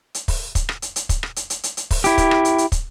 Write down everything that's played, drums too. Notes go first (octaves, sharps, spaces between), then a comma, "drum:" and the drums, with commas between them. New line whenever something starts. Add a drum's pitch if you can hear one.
drum: hi-hat
drum: kick, open hi-hat
drum: kick, hi-hat
drum: rim click
drum: hi-hat
drum: hi-hat
drum: kick, hi-hat
drum: rim click
drum: hi-hat
drum: hi-hat
drum: hi-hat
drum: hi-hat
drum: kick, open hi-hat
E4 G4, drum: hi-hat
drum: kick, hi-hat
drum: rim click
drum: hi-hat
drum: hi-hat
drum: kick, hi-hat